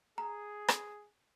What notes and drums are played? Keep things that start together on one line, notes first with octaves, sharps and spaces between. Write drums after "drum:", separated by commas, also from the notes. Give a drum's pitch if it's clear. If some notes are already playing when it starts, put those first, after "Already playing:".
G#4 A#5
drum: rim click